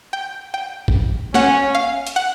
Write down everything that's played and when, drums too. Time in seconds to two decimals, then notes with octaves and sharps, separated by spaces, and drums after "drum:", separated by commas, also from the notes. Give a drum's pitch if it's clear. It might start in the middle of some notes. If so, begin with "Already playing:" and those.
0.13 G5
0.54 G5
0.88 drum: kick G#1
1.34 C#4 F#5, drum: snare
1.75 F5
2.07 drum: hi-hat
2.16 F#5